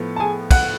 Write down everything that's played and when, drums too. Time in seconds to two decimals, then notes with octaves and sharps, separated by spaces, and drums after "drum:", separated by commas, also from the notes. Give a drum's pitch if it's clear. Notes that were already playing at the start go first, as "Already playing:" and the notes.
Already playing: A2 F3 B3
0.16 A5
0.20 G#4 G#5
0.51 F#5 F#6, drum: kick, cymbal